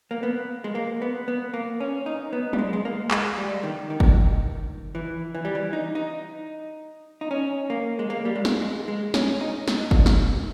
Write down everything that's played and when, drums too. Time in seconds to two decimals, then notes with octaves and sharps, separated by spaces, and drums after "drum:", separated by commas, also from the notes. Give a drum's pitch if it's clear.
0.11 A#3
0.23 B3
0.64 G#3
0.75 A#3
1.02 B3
1.28 B3
1.54 A#3
1.80 C#4
2.06 D#4
2.33 B3
2.53 G3, drum: tom
2.59 G#3
2.73 G#3
2.85 A#3
3.11 G#3, drum: clap
3.38 G3
3.63 D#3
3.90 D#3
4.00 drum: kick
4.95 E3
5.35 E3
5.45 G3
5.55 E3
5.73 D#4
5.95 D#4
7.21 D#4
7.31 C#4
7.70 A#3
7.99 G#3
8.10 A#3
8.25 G3
8.36 G#3
8.45 drum: snare
8.62 G#3
8.88 G#3
9.14 C#4, drum: snare
9.41 D#4
9.68 drum: snare
9.91 drum: kick
10.06 drum: snare